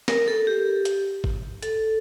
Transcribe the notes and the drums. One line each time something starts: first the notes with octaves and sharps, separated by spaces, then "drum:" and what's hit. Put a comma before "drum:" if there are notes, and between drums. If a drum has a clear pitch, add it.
A#4, drum: snare
A4
G4
drum: hi-hat
drum: kick G#1
A4, drum: hi-hat